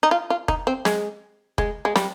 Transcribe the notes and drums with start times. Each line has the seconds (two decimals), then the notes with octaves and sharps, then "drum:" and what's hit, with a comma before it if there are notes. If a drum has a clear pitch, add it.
0.03 D#4
0.11 F4
0.30 F4
0.48 D#4, drum: kick F1
0.67 C4
0.85 G#3, drum: snare
1.58 G#3, drum: kick F1
1.85 G#3
1.96 G3, drum: snare